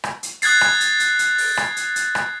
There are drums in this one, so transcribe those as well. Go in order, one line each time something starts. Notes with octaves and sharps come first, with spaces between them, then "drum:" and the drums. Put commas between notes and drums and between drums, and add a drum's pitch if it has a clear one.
drum: rim click
drum: hi-hat
D#6 F#6 G#6 A6 C7, drum: hi-hat
drum: rim click
drum: hi-hat
drum: hi-hat
drum: hi-hat
drum: open hi-hat
drum: rim click
drum: hi-hat
drum: hi-hat
drum: rim click